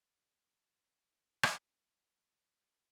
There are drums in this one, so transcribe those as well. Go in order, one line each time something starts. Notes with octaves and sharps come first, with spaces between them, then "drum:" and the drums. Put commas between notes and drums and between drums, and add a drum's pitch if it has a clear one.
drum: rim click
C#2 A#2 F3 G3
A3 C4 G#4 A4
A2 E3 F#4 A#5
E3 G3 A#3
C#3 F#4
D#2 F#3 F4 D5 G#5